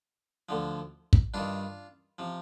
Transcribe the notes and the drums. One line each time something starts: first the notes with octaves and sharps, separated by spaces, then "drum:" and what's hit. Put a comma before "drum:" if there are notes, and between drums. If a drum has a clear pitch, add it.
D2 D3 F3
drum: kick
G2 D#3 D4 F4
C3 F3